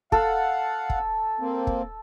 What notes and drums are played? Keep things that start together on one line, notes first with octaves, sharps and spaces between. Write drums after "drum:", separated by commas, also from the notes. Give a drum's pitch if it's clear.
A4 F5 F#5, drum: kick
drum: kick
A#3 C4
drum: kick